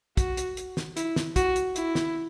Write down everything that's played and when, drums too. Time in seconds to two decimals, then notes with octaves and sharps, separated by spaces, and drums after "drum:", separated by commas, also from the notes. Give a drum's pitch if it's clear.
0.17 F#4, drum: kick, hi-hat
0.37 drum: hi-hat
0.57 drum: hi-hat
0.77 drum: snare
0.97 E4, drum: hi-hat
1.16 drum: snare
1.36 F#4, drum: kick, hi-hat
1.56 drum: hi-hat
1.76 E4, drum: hi-hat
1.95 drum: snare